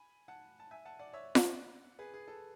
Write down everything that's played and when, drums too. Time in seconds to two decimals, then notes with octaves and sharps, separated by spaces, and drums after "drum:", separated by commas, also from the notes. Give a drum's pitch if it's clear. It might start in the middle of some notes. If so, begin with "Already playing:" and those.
Already playing: G#5 B5
0.28 F#5 A5
0.60 A5
0.71 E5 G#5
0.85 F#5 A5
0.99 D5 F#5
1.13 C#5 E5
1.35 D5 F#5, drum: snare F4
1.99 G#4 B4
2.14 G#4
2.28 A4